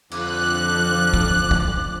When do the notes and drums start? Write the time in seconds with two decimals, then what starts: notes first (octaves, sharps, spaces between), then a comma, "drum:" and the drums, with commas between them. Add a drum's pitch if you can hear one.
0.11 F2 D3 F3 D6 F#6, drum: cymbal
1.14 drum: kick
1.51 drum: kick